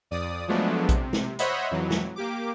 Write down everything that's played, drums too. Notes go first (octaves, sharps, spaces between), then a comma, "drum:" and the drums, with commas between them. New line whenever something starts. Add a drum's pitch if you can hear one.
F2 D5 D#6
F3 F#3 G#3 A3 B3 D4
C3, drum: kick A#1, hi-hat
drum: snare
C5 C#5 D#5 E5 F#5 B5, drum: hi-hat
F2 E3 F#3
drum: snare
A#3 G4 D6